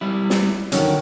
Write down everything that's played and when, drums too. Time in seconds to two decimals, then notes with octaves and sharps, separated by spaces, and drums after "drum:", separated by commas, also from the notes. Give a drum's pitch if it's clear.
0.01 G3 E4
0.30 drum: snare
0.72 D3 D#3 F#3 C#4, drum: hi-hat